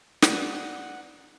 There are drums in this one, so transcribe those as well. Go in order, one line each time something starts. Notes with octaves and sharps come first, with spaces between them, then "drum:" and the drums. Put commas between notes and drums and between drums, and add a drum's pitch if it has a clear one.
F#4 B4 D5 F#5 A#5, drum: snare